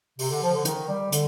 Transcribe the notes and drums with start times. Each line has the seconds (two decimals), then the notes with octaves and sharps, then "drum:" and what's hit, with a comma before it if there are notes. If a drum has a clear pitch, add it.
0.19 C3, drum: open hi-hat
0.30 D3
0.42 F3
0.54 D3
0.65 D#3, drum: hi-hat
0.89 G3
1.12 D3, drum: hi-hat